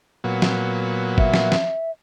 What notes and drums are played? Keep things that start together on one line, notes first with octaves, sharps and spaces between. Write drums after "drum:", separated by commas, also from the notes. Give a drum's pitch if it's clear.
A#2 F#3 B3
drum: snare
E5, drum: kick G1
drum: snare
drum: snare